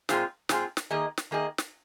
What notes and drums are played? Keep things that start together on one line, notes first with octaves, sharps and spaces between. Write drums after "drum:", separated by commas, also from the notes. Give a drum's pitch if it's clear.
A#2 G#3 C4 F4 G#4, drum: snare
A#2 G#3 C4 F4 G#4, drum: snare
drum: snare
D#3 A#3 G#4 D#5
drum: snare
D#3 A#3 G#4 D#5
drum: snare